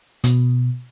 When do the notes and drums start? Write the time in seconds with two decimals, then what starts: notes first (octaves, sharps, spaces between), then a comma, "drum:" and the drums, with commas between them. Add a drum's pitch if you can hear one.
0.24 B2, drum: hi-hat